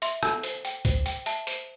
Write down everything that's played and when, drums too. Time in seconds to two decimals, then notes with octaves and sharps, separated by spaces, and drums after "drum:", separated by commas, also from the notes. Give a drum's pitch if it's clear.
0.02 E5 C6, drum: hi-hat
0.23 A4 E6, drum: rim click
0.43 C5, drum: hi-hat
0.65 G5, drum: hi-hat
0.85 C5, drum: kick, hi-hat
1.06 G5, drum: hi-hat
1.26 E5 A5, drum: hi-hat
1.47 C5, drum: hi-hat